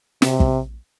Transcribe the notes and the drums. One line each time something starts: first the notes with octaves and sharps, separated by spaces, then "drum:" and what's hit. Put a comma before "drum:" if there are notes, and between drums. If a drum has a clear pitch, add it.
C3, drum: snare
drum: kick